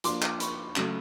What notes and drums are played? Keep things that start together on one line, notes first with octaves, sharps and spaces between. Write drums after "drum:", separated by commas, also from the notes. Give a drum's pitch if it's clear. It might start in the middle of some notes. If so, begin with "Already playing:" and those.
F3 A#3 D4 C6 D6, drum: hi-hat
drum: clap
B5 C#6, drum: hi-hat
C#3 F#3 A3, drum: clap